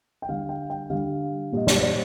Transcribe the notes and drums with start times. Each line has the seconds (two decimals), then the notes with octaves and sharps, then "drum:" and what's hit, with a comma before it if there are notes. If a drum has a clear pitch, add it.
0.22 G5
0.28 D3 G3 F5
0.49 G5
0.70 G5
0.90 D3 G3 F5
1.52 A#2 G3 D#5
1.67 D5, drum: snare
1.77 C5
1.83 D5